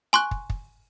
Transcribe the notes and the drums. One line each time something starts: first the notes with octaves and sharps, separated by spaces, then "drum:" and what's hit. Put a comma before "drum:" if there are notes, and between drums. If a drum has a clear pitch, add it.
G#5 C6 C#6 F#6
drum: kick
drum: kick